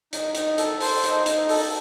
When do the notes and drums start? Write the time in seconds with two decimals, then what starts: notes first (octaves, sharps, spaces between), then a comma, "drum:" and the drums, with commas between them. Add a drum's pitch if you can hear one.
0.13 D#4, drum: hi-hat
0.35 D#4, drum: hi-hat
0.58 A4, drum: hi-hat
0.81 A4 C5, drum: open hi-hat
1.04 D#4, drum: hi-hat
1.26 D#4, drum: hi-hat
1.49 A4, drum: open hi-hat